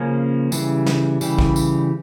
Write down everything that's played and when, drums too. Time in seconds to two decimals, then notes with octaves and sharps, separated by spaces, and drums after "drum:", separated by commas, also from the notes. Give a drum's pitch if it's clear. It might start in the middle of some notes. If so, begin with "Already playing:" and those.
Already playing: C#3 F3 A#3 C#4
0.52 C#3 E3 G3, drum: tambourine
0.86 drum: snare
1.21 C#3 E3 G3, drum: tambourine
1.39 drum: kick A#1
1.56 drum: tambourine